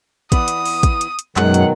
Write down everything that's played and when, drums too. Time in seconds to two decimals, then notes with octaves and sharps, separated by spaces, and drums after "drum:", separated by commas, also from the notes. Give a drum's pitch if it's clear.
0.32 E3 B3 D5 D#6, drum: kick, hi-hat
0.48 drum: hi-hat
0.66 drum: open hi-hat
0.83 drum: kick, hi-hat
1.01 drum: hi-hat
1.19 drum: hi-hat
1.36 F#2 B2 D#3 F#3 G#3 F#5, drum: clap
1.54 drum: hi-hat